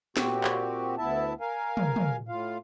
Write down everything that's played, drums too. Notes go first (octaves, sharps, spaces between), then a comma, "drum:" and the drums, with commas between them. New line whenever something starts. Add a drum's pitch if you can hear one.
A#2 C4 F#4 G4, drum: snare
drum: clap
D2 B3 E4 E5 A5
A#4 F5 G#5
drum: tom
drum: tom
A2 F4 F5